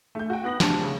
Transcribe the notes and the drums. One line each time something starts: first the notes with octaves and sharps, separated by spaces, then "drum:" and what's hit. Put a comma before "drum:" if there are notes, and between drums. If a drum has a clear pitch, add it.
A3 G6
F#4 G5
B3 F#6 A#6 F#7
D2 C3 D4, drum: snare
C#3